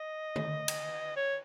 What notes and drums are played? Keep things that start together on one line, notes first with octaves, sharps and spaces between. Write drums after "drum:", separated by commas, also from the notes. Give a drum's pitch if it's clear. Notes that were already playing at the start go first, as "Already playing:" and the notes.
Already playing: D#5
drum: tom D3
drum: cymbal
C#5